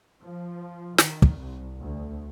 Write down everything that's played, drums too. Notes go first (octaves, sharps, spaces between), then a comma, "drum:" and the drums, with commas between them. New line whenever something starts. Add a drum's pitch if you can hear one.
F3
D#3, drum: snare
drum: kick
C2
D2